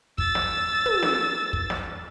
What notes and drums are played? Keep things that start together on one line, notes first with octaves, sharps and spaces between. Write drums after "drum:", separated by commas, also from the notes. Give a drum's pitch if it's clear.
E6 A6, drum: kick
drum: snare
drum: tom
drum: snare
drum: kick
drum: snare